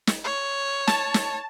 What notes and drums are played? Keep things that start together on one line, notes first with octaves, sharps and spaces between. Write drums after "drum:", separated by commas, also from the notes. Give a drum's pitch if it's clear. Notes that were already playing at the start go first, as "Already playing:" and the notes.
drum: snare
C#5
A5, drum: snare
drum: snare